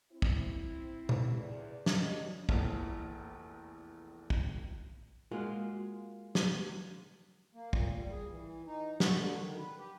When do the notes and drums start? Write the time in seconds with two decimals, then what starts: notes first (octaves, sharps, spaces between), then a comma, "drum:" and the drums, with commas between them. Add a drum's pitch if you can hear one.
0.11 C4 E4
0.22 drum: kick
1.09 drum: tom A#2
1.38 E2 D5
1.86 drum: snare
1.97 F#2 C#3 D4 D5 D#5
2.49 F1 A#1 E2, drum: kick
4.30 drum: kick
5.31 G#3 A#3 F4 F#4 G#4
6.35 drum: snare
7.54 A#3
7.73 A#2, drum: kick
7.96 G3
8.11 G#4
8.30 E3
8.67 D#4
9.00 F#4, drum: snare
9.17 D3
9.41 D#3
9.57 B4
9.79 G4